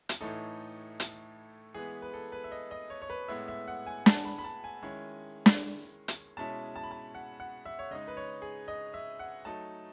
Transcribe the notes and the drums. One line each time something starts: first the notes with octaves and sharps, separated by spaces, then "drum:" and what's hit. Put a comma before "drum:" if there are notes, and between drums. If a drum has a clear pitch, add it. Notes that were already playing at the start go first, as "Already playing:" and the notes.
drum: hi-hat
A2 E3 A3 D#4 A4
drum: hi-hat
E3 G#3 B3 G#4
B4
A4
B4
E5
D#5
D#5
C#5
C#5
B4
A2 G#3 B3 E4 E5
E5
F#5
G#5
A5, drum: snare
B5
B5
A5
G#5
D#3 G#3 C#4 E4
drum: snare
drum: hi-hat
B2 G#3 C#4 E4 A5
A5
B5
A5
F#5
F#5
E5
C#5
C#3 G#3 D#4 D#5
B4
C#5
G#4
D#5
E5
F#5
F#3 A3 D#4 A5